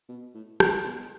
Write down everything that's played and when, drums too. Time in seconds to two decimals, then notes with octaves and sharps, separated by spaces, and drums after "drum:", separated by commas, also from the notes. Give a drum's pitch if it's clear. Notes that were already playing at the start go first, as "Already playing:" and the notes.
0.09 B2
0.34 A2
0.60 A2, drum: rim click
0.86 B2